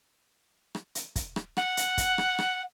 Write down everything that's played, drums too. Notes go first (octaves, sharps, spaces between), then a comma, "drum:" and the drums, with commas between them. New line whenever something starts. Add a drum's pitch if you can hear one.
drum: rim click
drum: hi-hat
drum: kick, hi-hat
drum: rim click
F#5, drum: rim click
drum: hi-hat
drum: kick, hi-hat
drum: rim click
drum: rim click